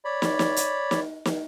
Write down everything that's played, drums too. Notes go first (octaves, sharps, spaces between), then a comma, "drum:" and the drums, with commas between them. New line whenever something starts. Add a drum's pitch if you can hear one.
C#5 D5 B5
drum: snare
drum: snare
drum: hi-hat
drum: snare
drum: snare